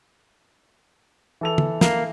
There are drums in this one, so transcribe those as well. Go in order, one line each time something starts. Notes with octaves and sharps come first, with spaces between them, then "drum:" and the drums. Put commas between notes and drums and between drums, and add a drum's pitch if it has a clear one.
E3 A4 F7
drum: tom
A#3, drum: snare